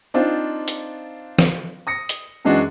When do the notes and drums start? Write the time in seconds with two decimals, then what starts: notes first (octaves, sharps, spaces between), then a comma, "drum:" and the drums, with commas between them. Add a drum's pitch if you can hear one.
0.14 C4 D4 D#4 F4 C5
0.68 drum: hi-hat
1.38 drum: snare
1.87 D#6 A#6 C#7
2.09 drum: hi-hat
2.45 F#2 E3 G#3 D4 F#4